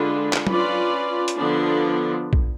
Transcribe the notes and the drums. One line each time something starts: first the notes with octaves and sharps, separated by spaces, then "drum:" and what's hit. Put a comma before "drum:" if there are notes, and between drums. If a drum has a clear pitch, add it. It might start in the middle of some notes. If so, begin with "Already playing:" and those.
Already playing: D3 G#3 D4 F4 B4
drum: clap
C#4 F4 B4 D5, drum: tom F#3
drum: hi-hat
D3 F3 B3 D4 F4
drum: kick B1